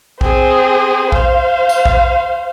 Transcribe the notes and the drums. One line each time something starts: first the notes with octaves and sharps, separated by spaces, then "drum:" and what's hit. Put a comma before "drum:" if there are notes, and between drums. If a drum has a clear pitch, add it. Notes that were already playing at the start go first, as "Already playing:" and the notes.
C4 G#4, drum: kick A#1
C5 F5, drum: kick A#1
drum: tambourine
drum: kick A#1